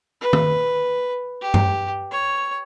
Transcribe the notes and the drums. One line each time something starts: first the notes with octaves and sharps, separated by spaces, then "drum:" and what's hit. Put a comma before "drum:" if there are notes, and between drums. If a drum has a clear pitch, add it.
B4
drum: tom D#3
G4
drum: tom G2
C#5